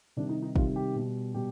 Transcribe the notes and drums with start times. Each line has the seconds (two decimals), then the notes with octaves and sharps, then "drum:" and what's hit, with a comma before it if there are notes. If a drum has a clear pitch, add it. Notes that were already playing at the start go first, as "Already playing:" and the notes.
0.17 C3 D#3 G3 D4
0.29 D#4
0.42 D#4
0.56 C3 D#3 G3 F4, drum: kick
0.76 G4
0.96 B2 G3
1.34 B2 G3 G4